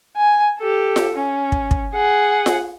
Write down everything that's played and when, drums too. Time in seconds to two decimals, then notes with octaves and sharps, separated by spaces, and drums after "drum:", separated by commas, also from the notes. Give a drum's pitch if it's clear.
0.17 G#5
0.58 G4 A4
0.96 drum: snare F4
1.15 C#4
1.52 drum: kick
1.71 drum: kick
1.93 G#4 F#5
2.46 drum: snare F4